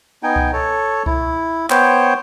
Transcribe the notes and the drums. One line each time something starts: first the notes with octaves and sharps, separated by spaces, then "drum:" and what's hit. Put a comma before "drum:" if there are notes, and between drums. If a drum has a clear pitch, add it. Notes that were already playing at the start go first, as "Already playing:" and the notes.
B3 D#4 G5 G#5
drum: kick C2
A4 C#5
E4, drum: kick C2
B3 C5 C#5 G5, drum: clap